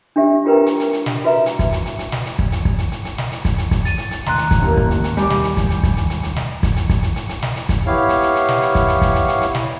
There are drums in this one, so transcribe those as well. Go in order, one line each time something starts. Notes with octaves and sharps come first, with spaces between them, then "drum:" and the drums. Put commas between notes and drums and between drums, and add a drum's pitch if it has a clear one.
D4 G4 E5
F4 G4 A#4 B4 G5 A#5
drum: hi-hat
drum: hi-hat
drum: hi-hat
drum: snare
F#4 B4 E5 A#5
drum: hi-hat
drum: kick, hi-hat
drum: hi-hat
drum: hi-hat
drum: hi-hat
drum: snare
drum: hi-hat
drum: kick
drum: hi-hat
drum: kick
drum: hi-hat
drum: hi-hat
drum: hi-hat
drum: snare
drum: hi-hat
drum: kick, hi-hat
drum: hi-hat
drum: kick, hi-hat
A6 D#7, drum: hi-hat
drum: hi-hat
drum: hi-hat
D#2 D#3 A3 A#5 C6 F#6, drum: snare
drum: hi-hat
drum: kick, hi-hat
A1 A#3
drum: kick
drum: hi-hat
drum: hi-hat
G3 G#5 D6, drum: hi-hat
drum: snare
drum: hi-hat
drum: kick, hi-hat
drum: hi-hat
drum: kick, hi-hat
drum: hi-hat
drum: hi-hat
drum: hi-hat
drum: snare
drum: kick, hi-hat
drum: hi-hat
drum: kick, hi-hat
drum: hi-hat
drum: hi-hat
drum: hi-hat
drum: snare
drum: hi-hat
drum: kick, hi-hat
B3 E4 G4 C#5 F5
drum: hi-hat
drum: hi-hat
drum: hi-hat
drum: snare
drum: hi-hat
drum: kick, hi-hat
drum: hi-hat
drum: kick, hi-hat
drum: hi-hat
drum: hi-hat
drum: hi-hat
drum: snare